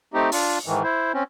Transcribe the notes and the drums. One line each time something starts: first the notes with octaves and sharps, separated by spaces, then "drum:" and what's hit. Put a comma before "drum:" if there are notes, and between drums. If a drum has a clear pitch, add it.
A3 C4 D#4 G4
D4 F4, drum: open hi-hat
G#2 D#3 E3
E4 C5
C4 C#4